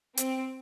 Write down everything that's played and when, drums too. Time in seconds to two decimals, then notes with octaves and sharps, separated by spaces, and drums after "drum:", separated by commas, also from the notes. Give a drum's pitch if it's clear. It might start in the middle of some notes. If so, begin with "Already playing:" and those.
0.17 C4, drum: hi-hat